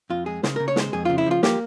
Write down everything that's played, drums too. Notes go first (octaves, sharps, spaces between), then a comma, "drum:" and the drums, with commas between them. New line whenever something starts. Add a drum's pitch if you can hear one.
F2 F4
G#3 G#4
C#3 C5, drum: snare
C#3 A#4
C#5
G#3 C5, drum: snare
F2 G#4
C#3 F4
E4
F3 F4
A#3 G4, drum: snare